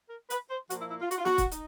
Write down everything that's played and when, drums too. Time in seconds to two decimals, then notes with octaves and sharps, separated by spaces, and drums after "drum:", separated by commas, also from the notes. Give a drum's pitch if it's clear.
0.10 A#4
0.30 B4, drum: hi-hat
0.50 C5
0.70 A#2 F3 A#3 F#4, drum: hi-hat
0.80 E4
0.91 E4
1.02 F4
1.11 F#4, drum: hi-hat
1.18 F4
1.25 F#4, drum: snare
1.38 drum: kick, hi-hat
1.51 D#4, drum: hi-hat